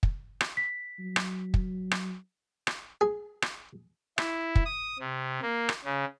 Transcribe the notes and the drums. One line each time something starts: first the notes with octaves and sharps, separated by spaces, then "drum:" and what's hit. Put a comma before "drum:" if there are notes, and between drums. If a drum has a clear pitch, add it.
drum: kick
drum: rim click
B6
F#3
drum: rim click
drum: kick
drum: rim click
drum: rim click
G#4
drum: rim click
E4, drum: rim click
drum: kick
D#6
C3
A#3
drum: rim click
C#3